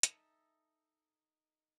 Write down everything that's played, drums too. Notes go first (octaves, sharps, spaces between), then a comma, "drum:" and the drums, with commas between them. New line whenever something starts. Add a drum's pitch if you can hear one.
D#4 A4 E5, drum: hi-hat